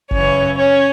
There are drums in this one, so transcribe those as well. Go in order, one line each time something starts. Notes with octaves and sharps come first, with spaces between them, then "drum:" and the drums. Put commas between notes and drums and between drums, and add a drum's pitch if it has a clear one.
F#2 C#3 E3 C#4 C#5, drum: kick F#1
C#4 C#5